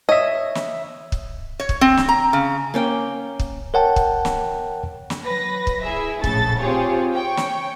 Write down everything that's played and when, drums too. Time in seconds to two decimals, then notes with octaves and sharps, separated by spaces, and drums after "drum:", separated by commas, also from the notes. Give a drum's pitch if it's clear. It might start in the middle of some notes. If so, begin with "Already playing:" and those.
0.09 C#5 D#5 E5
0.55 drum: snare
1.12 drum: kick
1.60 C#5
1.69 drum: kick
1.81 C4
1.97 drum: snare
2.09 A#5
2.33 C#3
2.74 A#3 C#4 G5
3.40 drum: kick
3.74 A#4 C#5 F#5 G5 A5
3.96 drum: kick
4.25 drum: snare
5.10 drum: snare
5.26 F#3 B4 A#6
5.67 drum: kick
5.83 E4 G#4 E5
6.24 A#1 A2 C#3 A4 A6, drum: kick
6.60 C4 F4 G4 G#4 C#5
7.13 C#5 G5 C#6
7.37 drum: snare